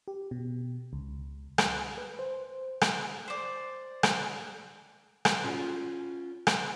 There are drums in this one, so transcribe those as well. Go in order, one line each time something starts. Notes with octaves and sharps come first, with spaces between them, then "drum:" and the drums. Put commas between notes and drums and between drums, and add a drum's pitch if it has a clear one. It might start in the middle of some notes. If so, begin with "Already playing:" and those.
G4
B2
C#2
F#6, drum: rim click
B4
C5
drum: rim click
C5 D5
drum: rim click
drum: rim click
C#4 F4 F#4 G#4 B4 C#5
drum: rim click